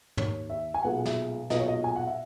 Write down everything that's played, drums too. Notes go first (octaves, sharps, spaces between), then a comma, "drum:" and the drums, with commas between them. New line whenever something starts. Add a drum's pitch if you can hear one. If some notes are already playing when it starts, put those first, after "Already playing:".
D#2 D#3 A#3 C#5, drum: tom
E5
G#5
B1 A#2 G#3 B3 F#5
E5, drum: snare
B1 A#2 G#3 B3 D#5, drum: snare
C#5
D#5
G#5
F#5
E5